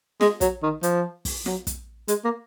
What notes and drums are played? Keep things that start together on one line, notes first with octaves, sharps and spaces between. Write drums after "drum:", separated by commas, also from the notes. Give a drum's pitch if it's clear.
G#3, drum: snare
F#3, drum: kick, hi-hat
D#3
F3, drum: hi-hat
drum: kick, open hi-hat
F#3, drum: snare
drum: kick, hi-hat
G#3, drum: hi-hat
A#3